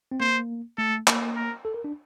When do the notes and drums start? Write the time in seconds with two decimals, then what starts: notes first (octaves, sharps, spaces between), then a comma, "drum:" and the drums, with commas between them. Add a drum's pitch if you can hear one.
0.11 C4
0.20 A#3 C5
0.78 A3 A4
1.08 A#3, drum: clap
1.36 A#4
1.65 A4
1.74 A#4
1.84 D4